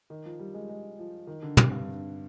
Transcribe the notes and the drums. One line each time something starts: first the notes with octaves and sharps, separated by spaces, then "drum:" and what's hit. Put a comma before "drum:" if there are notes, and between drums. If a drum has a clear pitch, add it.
D#3
F3
G3
G#3
G#3
F3
D#3
D3
C3, drum: tom
G2